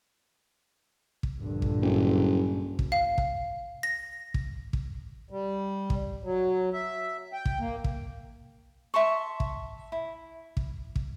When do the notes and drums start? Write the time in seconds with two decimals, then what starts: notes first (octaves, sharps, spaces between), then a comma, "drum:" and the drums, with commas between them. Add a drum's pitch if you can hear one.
1.23 drum: kick
1.39 A#1 G2 D3
1.62 drum: kick
1.82 F#1
2.79 drum: kick
2.92 F5
3.18 drum: kick
3.83 A#6
4.34 drum: kick
4.73 drum: kick
5.31 G3
5.90 drum: kick
6.24 F#3
6.73 E5
7.33 G5
7.46 drum: kick
7.59 A#3
7.84 drum: kick
8.94 E5 A5 C6 C#6
9.40 drum: kick
9.92 E4
10.57 drum: kick
10.96 drum: kick